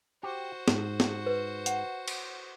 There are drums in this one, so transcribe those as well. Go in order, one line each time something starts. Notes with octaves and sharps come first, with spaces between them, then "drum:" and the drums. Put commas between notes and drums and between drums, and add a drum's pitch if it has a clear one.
F#4 G4 C5
G#2, drum: snare
drum: snare
B4
F#5, drum: hi-hat
drum: cymbal